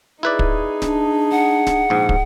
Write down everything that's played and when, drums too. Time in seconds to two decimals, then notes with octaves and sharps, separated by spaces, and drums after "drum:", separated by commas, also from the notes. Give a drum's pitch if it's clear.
0.23 D#4 E4 G#4 B4 D5
0.39 drum: kick
0.82 D4, drum: snare D1
1.32 F#5
1.67 drum: snare D1
1.90 A#1 G#2
2.09 drum: kick